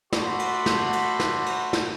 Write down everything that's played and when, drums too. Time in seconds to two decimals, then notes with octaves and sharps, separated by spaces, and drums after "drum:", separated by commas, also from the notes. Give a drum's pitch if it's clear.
0.13 F#4 A4 D5 F#5 B5 C6, drum: snare
0.39 drum: cymbal
0.66 drum: snare
0.93 drum: cymbal
1.20 drum: snare
1.46 drum: cymbal
1.73 drum: snare